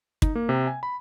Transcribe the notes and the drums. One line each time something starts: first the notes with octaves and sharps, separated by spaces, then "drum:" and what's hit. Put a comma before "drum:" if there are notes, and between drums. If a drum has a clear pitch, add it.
D#4, drum: kick
A#3
C3
G#5
B5